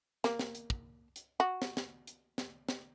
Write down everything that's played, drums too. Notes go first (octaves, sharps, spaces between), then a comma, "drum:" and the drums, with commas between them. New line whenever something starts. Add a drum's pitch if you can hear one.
A#3, drum: snare
drum: snare
drum: hi-hat
drum: kick
drum: hi-hat
F#4
drum: snare
drum: snare
drum: hi-hat
drum: snare
drum: snare